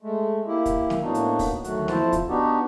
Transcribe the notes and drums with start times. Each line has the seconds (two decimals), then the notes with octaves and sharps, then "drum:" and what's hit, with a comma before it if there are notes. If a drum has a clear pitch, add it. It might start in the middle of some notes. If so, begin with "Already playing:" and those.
0.02 G#3 A3
0.47 A#3 E4 G4
0.66 drum: kick, hi-hat
0.90 drum: snare
1.02 A2 A#3 B3 D4 D#4 F#4
1.15 drum: hi-hat
1.39 drum: kick, open hi-hat
1.64 D2 D#3 F#3 A3 F#4 F#5, drum: hi-hat
1.88 F2 F3 E4 C5 A5, drum: snare
2.13 drum: kick, hi-hat
2.29 B3 D4 D#4 F#4 G4